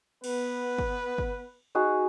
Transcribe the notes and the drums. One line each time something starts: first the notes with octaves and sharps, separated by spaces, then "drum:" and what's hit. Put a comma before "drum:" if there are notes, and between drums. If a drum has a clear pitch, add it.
B3 B4, drum: cymbal
drum: kick
drum: kick
D#4 F#4 G#4